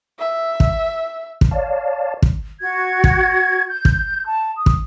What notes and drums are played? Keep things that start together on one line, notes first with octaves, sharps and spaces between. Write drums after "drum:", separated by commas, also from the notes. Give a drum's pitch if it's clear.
E5
drum: kick
drum: kick
C#5 D5 F5 A5
drum: kick
F#4 G#6
drum: kick
G6
drum: kick
A5
D#6
drum: kick